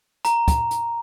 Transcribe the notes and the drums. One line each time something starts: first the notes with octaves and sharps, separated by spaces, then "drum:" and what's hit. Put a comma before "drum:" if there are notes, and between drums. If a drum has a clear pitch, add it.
A#5, drum: hi-hat
drum: kick, hi-hat
drum: hi-hat